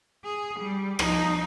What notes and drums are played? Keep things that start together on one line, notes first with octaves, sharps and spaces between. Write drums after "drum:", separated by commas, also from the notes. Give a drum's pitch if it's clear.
G#4
G3
F3 D#4, drum: rim click